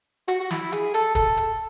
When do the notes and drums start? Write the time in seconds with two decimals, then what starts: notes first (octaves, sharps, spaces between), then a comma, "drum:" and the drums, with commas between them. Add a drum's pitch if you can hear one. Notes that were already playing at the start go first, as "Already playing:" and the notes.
0.28 F#4, drum: hi-hat
0.40 F#4
0.51 E4, drum: snare
0.72 G#4, drum: hi-hat
0.94 A4, drum: hi-hat
1.15 A4, drum: kick, hi-hat
1.37 drum: hi-hat